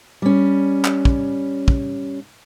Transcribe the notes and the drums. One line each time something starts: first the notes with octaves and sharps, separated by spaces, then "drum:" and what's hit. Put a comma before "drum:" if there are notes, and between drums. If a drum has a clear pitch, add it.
G3 C#4
drum: clap
drum: kick
drum: kick